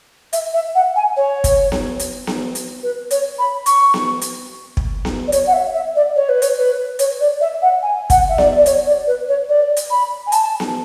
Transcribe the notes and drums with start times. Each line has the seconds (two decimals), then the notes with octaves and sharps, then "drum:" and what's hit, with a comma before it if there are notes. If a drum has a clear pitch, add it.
0.33 E5, drum: hi-hat
0.54 E5
0.75 F#5
0.96 G#5
1.16 C#5
1.44 drum: kick, hi-hat
1.72 drum: snare B3
1.99 drum: hi-hat
2.27 drum: snare B3
2.55 drum: hi-hat
2.82 B4
3.11 C#5, drum: hi-hat
3.38 B5
3.66 C#6, drum: hi-hat
3.94 drum: snare B3
4.21 drum: hi-hat
4.77 drum: kick
5.05 drum: snare B3
5.27 D5
5.32 C#5, drum: hi-hat
5.47 F#5
5.53 E5
5.74 E5
5.95 D5
6.16 C#5
6.29 B4
6.42 C#5, drum: hi-hat
6.58 B4
6.99 C#5, drum: hi-hat
7.20 D5
7.41 E5
7.62 F#5
7.82 G#5
8.10 F#5, drum: kick, hi-hat
8.29 E5
8.38 D5, drum: snare B3
8.57 D5
8.66 C#5, drum: hi-hat
8.86 D5
9.07 B4
9.28 C#5
9.49 D5
9.77 drum: hi-hat
9.90 B5
10.27 G#5
10.32 A5, drum: hi-hat
10.60 drum: snare B3